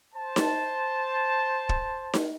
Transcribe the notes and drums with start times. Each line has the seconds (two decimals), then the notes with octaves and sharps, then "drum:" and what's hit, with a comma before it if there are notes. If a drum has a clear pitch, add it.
0.14 C5 A5
0.36 drum: snare D#4
1.69 drum: kick
2.14 drum: snare D#4